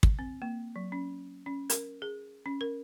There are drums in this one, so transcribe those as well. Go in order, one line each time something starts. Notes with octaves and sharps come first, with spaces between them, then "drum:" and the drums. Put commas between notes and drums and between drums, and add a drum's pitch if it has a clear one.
drum: kick
C4
A#3
F#3
C#4
C#4
A#4, drum: hi-hat
G#4
C#4
A#4